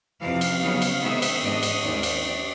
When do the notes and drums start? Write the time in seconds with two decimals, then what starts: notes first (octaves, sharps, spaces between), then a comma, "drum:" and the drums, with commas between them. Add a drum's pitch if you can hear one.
0.21 F2 C3 E3 F5
0.41 drum: cymbal
0.61 C#3 F#3 B3 D#4
0.82 drum: cymbal
1.01 C3 D#3 G#3 B3 D#4 E5
1.22 drum: cymbal
1.42 G#2 E3 G#3 B3 D4 D#5
1.63 drum: cymbal
1.83 D#2 D#3 G#3 C4 D#4 D5
2.03 drum: cymbal
2.24 E3 D5